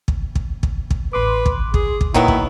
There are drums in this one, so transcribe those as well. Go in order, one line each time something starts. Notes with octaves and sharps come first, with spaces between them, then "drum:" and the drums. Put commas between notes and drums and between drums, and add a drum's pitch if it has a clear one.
drum: kick
drum: kick
drum: kick
drum: kick
A1 B4 C6 D6
drum: kick
G#4, drum: kick
drum: kick
A#2 D#3 F#3 B3 E4
drum: kick